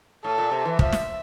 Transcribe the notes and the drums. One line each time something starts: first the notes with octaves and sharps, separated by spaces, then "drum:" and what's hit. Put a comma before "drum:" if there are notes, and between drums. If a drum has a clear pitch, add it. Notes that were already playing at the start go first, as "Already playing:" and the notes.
A2 A4
A#2
C3
E3
F3 E5, drum: kick
drum: snare